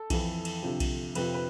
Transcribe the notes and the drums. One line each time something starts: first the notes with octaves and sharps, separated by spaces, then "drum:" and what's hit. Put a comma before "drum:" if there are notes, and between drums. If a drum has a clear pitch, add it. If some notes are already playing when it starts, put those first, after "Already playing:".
Already playing: A4
F2 E3, drum: kick B1, cymbal
drum: cymbal
D2 C3 F3
drum: kick B1, cymbal
F2 C3 F3 B4, drum: cymbal
B4